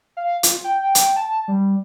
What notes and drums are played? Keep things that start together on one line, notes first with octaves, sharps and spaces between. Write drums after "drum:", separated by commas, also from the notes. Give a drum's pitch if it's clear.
F5
F4, drum: hi-hat
G5
drum: hi-hat
A5
G3